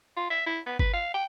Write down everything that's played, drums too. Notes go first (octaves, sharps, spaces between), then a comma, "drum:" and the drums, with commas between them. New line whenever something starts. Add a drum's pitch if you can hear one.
F4
E5
E4
B3
B4, drum: kick G1
F5
G5